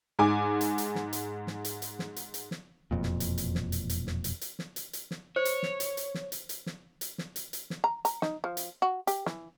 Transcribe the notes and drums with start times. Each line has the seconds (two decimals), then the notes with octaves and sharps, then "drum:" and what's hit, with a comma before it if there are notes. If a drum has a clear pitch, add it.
0.19 G#2 G#5 D6
0.61 drum: hi-hat
0.78 drum: hi-hat
0.95 drum: snare
1.13 drum: hi-hat
1.47 drum: snare
1.65 drum: hi-hat
1.82 drum: hi-hat
1.99 drum: snare
2.16 drum: hi-hat
2.34 drum: hi-hat
2.51 drum: snare
2.91 E1 F2 A#2
3.03 drum: snare
3.20 drum: hi-hat
3.38 drum: hi-hat
3.55 drum: snare
3.72 drum: hi-hat
3.89 drum: hi-hat
4.07 drum: snare
4.24 drum: hi-hat
4.41 drum: hi-hat
4.59 drum: snare
4.76 drum: hi-hat
4.93 drum: hi-hat
5.11 drum: snare
5.36 C5 C#5
5.45 drum: hi-hat
5.63 drum: snare
5.80 drum: hi-hat
5.97 drum: hi-hat
6.14 drum: snare
6.32 drum: hi-hat
6.49 drum: hi-hat
6.66 drum: snare
7.01 drum: hi-hat
7.18 drum: snare
7.36 drum: hi-hat
7.53 drum: hi-hat
7.70 drum: snare
7.84 A#5
8.05 A#5, drum: hi-hat
8.22 D#4, drum: snare
8.44 F3
8.57 drum: hi-hat
8.82 F#4
9.07 G4, drum: hi-hat
9.26 E3, drum: snare